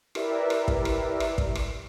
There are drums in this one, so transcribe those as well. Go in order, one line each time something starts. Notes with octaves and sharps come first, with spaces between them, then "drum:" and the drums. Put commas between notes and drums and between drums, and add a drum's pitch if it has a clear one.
E4 G4 A#4 B4 D5 E5, drum: rim click
drum: rim click
drum: kick
drum: rim click
drum: rim click
drum: kick
drum: rim click